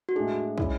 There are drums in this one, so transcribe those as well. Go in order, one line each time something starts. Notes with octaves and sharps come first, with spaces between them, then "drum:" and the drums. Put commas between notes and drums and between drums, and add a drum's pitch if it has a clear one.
F#4
A2 G#3 D4 G#4
G#3 C#4 E4, drum: kick